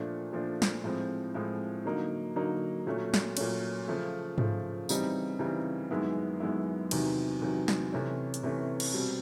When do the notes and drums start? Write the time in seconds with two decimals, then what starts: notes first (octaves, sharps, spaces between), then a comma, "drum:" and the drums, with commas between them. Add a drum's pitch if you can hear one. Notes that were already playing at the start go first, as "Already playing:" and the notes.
Already playing: A#2 F3 A3 D4
0.32 A#2 F3 A3 D4
0.62 drum: snare
0.84 A2 F3 G#3 C4
1.34 A2 F3 G#3 C4
1.85 D3 F#3 A#3 D#4
2.36 D3 F#3 A#3 D#4
2.87 A#2 F#3 A3 C#4
3.14 drum: snare
3.37 A#2 F#3 A3 C#4, drum: cymbal
3.88 C#3 F3 A3
4.38 C#3 F3 A3, drum: tom G#2
4.89 C#3 E3 G3 C4 D#4, drum: tambourine
5.39 C#3 E3 G3 C4 D#4
5.91 F#2 D#3 G#3 B3 E4
6.40 F#2 D#3 G#3 B3 E4
6.91 E2 C3 D#3 F#3, drum: cymbal
7.42 E2 C3 D#3 F#3
7.68 drum: snare
7.92 C3 E3 A3 C#4
8.34 drum: hi-hat
8.43 C3 E3 A3 C#4
8.80 drum: cymbal
8.94 B2 G3 C4